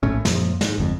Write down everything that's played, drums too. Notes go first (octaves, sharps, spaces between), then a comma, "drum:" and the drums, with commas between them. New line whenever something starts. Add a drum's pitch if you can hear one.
A#1 A2 A3 C#4
F#2 A#2 F3, drum: snare
G#2, drum: snare
G1 F2